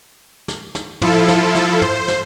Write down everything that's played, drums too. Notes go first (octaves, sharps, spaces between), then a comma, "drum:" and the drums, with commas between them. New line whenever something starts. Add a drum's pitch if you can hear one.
drum: snare
drum: snare
F3 E4 F4 A4, drum: tom
drum: snare
drum: snare
C5, drum: tom
drum: snare